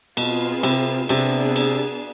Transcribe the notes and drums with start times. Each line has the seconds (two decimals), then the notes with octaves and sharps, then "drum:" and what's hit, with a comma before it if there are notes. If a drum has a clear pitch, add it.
0.17 B2 C4 F4 G#4 B4, drum: cymbal
0.63 C3, drum: cymbal
1.09 C3 B3 D4 G#4, drum: cymbal
1.56 drum: cymbal